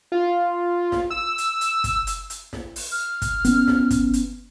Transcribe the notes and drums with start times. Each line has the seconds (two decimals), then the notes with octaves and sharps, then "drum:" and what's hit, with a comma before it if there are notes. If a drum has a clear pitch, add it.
0.12 F4
0.92 drum: snare
1.10 E6
1.38 drum: hi-hat
1.61 drum: hi-hat
1.84 drum: kick, hi-hat
2.07 drum: hi-hat
2.30 drum: hi-hat
2.53 drum: snare
2.76 drum: open hi-hat
2.92 F6
3.22 drum: kick, hi-hat
3.45 B3 C#4, drum: hi-hat
3.68 drum: snare
3.90 drum: kick, hi-hat
4.13 drum: hi-hat